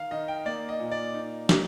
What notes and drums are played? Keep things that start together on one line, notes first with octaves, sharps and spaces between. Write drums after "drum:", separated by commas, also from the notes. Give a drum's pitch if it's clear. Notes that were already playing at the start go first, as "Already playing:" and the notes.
Already playing: D#3 F5
D#3 D#5
G5
A#3 D5
D#5
A#2
D5
D#4
A#3, drum: snare